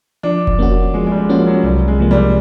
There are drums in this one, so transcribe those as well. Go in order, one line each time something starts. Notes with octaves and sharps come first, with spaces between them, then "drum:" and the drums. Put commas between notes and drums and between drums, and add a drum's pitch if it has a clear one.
F3 D4
drum: kick F1
A#3 C#4 F#4
F3 G#3
G#3
G3
F3 A#3 C#4 F#4
F#3
C2 G3
G#3
C3 F3 A#3
G3